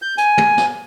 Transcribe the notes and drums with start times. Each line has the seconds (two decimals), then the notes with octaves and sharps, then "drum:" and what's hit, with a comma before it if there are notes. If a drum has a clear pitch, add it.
0.02 G6
0.18 G#5, drum: hi-hat
0.38 drum: tom
0.58 drum: snare